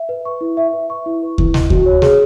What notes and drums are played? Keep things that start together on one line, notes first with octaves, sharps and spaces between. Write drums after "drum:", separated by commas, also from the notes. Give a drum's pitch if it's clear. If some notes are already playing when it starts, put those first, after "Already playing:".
Already playing: E5
B4
C#6
E4
E5
B4
C#6
E4
B4
E4, drum: kick D#2
D#5, drum: snare
F#4, drum: kick D#2
C#5
G#4, drum: snare